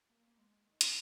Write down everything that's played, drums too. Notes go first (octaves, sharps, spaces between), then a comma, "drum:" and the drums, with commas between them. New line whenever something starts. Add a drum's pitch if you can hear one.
A#3
A#3
G#3
D#3
C#3, drum: hi-hat